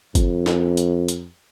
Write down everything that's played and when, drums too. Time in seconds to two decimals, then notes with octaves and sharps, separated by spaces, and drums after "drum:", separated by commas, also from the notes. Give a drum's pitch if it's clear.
0.15 F2, drum: kick, hi-hat
0.46 drum: snare
0.77 drum: hi-hat
1.08 drum: hi-hat